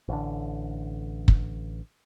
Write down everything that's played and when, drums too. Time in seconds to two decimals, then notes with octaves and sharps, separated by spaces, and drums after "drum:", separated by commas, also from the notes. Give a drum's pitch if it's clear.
0.08 A1 D3
1.28 drum: kick